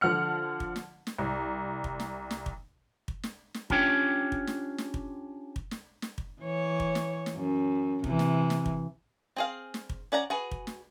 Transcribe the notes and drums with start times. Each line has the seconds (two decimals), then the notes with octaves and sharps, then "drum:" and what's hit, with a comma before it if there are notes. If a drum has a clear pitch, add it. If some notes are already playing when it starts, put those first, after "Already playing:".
0.01 D3 F3 F#5 F6 C#7
0.60 drum: kick
0.76 drum: snare
1.07 drum: snare
1.18 C2
1.84 drum: kick
2.00 drum: snare
2.31 drum: snare
2.46 drum: kick
3.08 drum: kick
3.23 drum: snare
3.54 drum: snare
3.70 C#4 D4 F4 G4 C#5 G5, drum: kick
4.32 drum: kick
4.47 drum: snare
4.78 drum: snare
4.94 drum: kick
5.56 drum: kick
5.71 drum: snare
6.02 drum: snare
6.18 drum: kick
6.42 E3 C#5
6.80 drum: kick
6.95 drum: snare
7.26 drum: snare
7.36 F#2
8.04 C3 E3, drum: kick
8.19 drum: snare
8.50 drum: snare
8.66 drum: kick
9.36 C4 G#4 F5
9.74 drum: snare
9.89 drum: kick
10.12 C#4 D5 F#5 A#5
10.30 F#4 G#4 B4
10.51 drum: kick
10.67 drum: snare